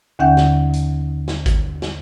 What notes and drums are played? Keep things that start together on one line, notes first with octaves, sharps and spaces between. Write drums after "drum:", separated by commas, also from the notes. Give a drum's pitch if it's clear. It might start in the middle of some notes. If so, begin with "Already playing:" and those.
D#2 D3 C#4 E5 F#5 G6
drum: snare
drum: hi-hat
drum: snare
drum: kick G#1, hi-hat
drum: snare